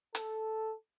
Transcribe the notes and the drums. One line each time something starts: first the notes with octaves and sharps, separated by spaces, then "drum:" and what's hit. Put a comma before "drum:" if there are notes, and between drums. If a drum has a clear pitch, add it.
A4, drum: hi-hat